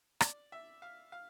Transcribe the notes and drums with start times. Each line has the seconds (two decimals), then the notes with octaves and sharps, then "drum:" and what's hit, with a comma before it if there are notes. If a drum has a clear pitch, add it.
0.21 D5, drum: rim click
0.52 E5
0.82 F5
1.12 F5